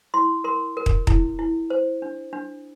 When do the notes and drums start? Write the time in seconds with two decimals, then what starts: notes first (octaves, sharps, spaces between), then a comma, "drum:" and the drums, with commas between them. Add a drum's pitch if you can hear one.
0.14 E4 C6
0.44 A#4 C6
0.77 A#4
0.86 drum: kick
1.07 E4, drum: kick
1.39 E4
1.70 C5
2.02 D4
2.33 D4